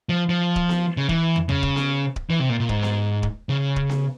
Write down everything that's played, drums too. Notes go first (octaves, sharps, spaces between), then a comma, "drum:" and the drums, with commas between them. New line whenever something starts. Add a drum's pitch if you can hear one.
F3
F3
drum: kick D1
drum: snare B3
C#3
E3, drum: kick D1
drum: tom
C#3, drum: tom
drum: kick D1
drum: snare B3
drum: kick D1
E3
C3
A#2
A#2
G#2, drum: kick D1
drum: snare B3
drum: kick D1
C#3
drum: kick D1
drum: snare B3